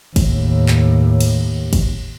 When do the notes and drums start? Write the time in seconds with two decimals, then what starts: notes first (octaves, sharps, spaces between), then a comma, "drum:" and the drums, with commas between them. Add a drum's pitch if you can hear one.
0.16 D#2 A2, drum: kick, cymbal
0.68 drum: clap
1.20 drum: cymbal
1.73 drum: kick, cymbal